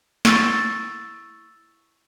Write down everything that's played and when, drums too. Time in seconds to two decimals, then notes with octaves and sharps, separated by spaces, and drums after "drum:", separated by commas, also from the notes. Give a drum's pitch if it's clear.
0.25 E4 C#6 E6 A6, drum: snare